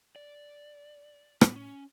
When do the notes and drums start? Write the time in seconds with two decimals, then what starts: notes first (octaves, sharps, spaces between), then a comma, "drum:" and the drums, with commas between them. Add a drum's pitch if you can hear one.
0.16 D5
1.41 B3, drum: rim click
1.56 C#4